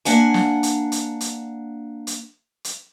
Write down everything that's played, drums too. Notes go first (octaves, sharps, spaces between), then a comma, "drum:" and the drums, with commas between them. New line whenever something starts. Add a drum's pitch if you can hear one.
A#3 D4 F#5 G#5, drum: hi-hat
drum: snare
drum: hi-hat
drum: hi-hat
drum: hi-hat
drum: hi-hat
drum: hi-hat